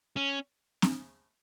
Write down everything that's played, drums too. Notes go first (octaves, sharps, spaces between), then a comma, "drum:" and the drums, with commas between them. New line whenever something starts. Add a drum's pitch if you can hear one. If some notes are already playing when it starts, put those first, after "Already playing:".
C#4
drum: snare C4